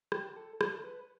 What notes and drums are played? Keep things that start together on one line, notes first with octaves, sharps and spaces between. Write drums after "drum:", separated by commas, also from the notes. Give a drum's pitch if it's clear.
G4, drum: rim click
A4
A4, drum: rim click
B4